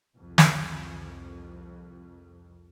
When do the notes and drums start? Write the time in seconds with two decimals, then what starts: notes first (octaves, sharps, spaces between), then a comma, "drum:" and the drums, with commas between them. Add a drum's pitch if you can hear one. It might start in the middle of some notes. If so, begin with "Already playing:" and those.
0.15 C2 F2
0.38 drum: snare